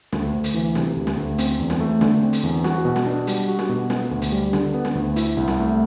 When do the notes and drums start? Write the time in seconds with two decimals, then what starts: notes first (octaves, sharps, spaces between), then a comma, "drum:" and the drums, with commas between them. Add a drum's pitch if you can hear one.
0.12 D2, drum: snare
0.33 D2
0.44 drum: hi-hat
0.54 E3
0.75 C3, drum: snare
0.96 D2
1.07 drum: snare
1.17 D2
1.38 C4, drum: hi-hat
1.59 E2
1.70 drum: snare
1.80 A3
2.01 D3, drum: snare
2.22 C4
2.33 drum: hi-hat
2.43 E2
2.64 F#4, drum: snare
2.85 B2
2.96 drum: snare
3.06 D4
3.27 G3, drum: hi-hat
3.48 F#4
3.59 drum: snare
3.69 B2
3.90 B3, drum: snare
4.11 D2
4.22 drum: hi-hat
4.32 G3
4.53 D3, drum: snare
4.74 B3
4.85 drum: snare
4.95 D2
5.16 E4, drum: hi-hat
5.37 C2
5.48 drum: snare
5.58 A3